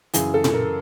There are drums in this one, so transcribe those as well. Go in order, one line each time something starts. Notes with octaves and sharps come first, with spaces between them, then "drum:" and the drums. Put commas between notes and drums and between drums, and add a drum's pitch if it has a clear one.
F#2 C#3 E3 G#4, drum: hi-hat
A4
drum: tom A#2
A#4